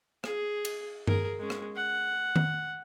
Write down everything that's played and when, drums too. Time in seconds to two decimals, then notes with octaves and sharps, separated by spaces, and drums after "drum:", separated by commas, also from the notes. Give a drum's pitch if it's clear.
0.24 G#4, drum: rim click
0.65 drum: cymbal
1.07 G#4 A#4, drum: tom G2
1.39 G#3 C#4
1.50 drum: rim click
1.76 F#5
2.36 drum: tom D#3